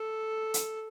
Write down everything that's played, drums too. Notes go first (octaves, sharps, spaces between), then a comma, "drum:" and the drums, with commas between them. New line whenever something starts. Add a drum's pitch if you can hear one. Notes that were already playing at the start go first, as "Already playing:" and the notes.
Already playing: A4
drum: hi-hat